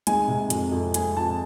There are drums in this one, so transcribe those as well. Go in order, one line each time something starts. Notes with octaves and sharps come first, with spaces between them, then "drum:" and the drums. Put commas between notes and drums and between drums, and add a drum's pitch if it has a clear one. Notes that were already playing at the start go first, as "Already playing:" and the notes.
G#3 G#5, drum: hi-hat
C3
F2, drum: hi-hat
F2
G#3 G#5, drum: hi-hat
F3 A5